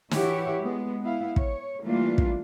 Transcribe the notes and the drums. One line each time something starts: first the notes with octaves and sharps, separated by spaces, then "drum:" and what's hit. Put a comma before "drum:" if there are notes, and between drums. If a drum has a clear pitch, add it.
E3 E4 F#4 G4 C#5, drum: snare
G#3 B3
B3 E4 F5
C#5, drum: kick
E3 G3 A3 A#3 D4 F4
drum: kick